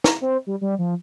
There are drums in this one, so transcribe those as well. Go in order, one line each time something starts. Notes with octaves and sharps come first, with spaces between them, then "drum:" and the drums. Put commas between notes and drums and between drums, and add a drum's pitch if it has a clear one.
A#5, drum: snare
C4
G3
G3
F3